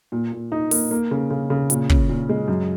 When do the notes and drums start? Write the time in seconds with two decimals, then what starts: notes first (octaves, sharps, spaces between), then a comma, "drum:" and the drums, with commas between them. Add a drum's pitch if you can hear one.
0.12 A#2
0.32 A#2
0.52 D#4
0.71 A#3, drum: open hi-hat
0.91 A#3
1.11 C#3
1.30 C#3
1.50 C#3
1.70 A#2, drum: hi-hat
1.89 C#4, drum: kick
2.09 A#2
2.29 G#3
2.48 F#2